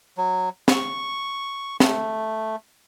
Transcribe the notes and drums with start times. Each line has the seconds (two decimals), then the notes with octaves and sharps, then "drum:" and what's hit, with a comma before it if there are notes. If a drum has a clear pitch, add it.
0.18 F#3
0.68 C#6, drum: snare
1.80 A3, drum: snare